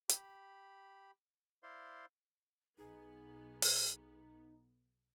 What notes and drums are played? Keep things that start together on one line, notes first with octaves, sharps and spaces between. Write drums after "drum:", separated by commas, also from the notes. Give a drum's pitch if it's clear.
G4 B5, drum: hi-hat
E4 C5 D5 F5 C6
B1 B3 D#4 G#4
drum: open hi-hat